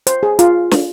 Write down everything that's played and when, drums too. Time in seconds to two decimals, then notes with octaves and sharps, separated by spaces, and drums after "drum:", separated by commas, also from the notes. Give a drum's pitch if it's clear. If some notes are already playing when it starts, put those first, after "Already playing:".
0.07 C5, drum: hi-hat
0.23 G#4
0.39 F4, drum: hi-hat
0.71 drum: snare